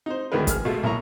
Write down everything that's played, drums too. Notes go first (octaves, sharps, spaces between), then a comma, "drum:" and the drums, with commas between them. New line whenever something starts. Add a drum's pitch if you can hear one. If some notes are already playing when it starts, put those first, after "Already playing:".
D#4 C5
D2 D#3 E3 G#3 A#4 B4
G#4 F6, drum: kick, hi-hat
B2 G#3 A3 F4 F5
B1 A#3 E4 A#5 C#6